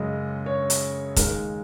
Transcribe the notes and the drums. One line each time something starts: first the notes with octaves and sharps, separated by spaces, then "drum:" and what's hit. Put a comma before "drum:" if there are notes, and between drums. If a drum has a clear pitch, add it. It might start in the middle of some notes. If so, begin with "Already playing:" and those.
Already playing: F#2 C#3 G#3 D#5
C#5
drum: hi-hat
D#2 D#3 G#3 A#4, drum: kick, hi-hat